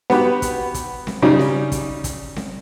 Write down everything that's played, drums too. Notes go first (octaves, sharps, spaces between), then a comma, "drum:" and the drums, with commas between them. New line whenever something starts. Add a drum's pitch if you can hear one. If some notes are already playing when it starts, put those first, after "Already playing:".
B3 F#4 G4 B4, drum: snare C4
drum: kick, hi-hat
drum: kick, hi-hat
drum: snare C4
C#3 G3 D#4
drum: snare C4
drum: kick, hi-hat
drum: kick, hi-hat
drum: snare C4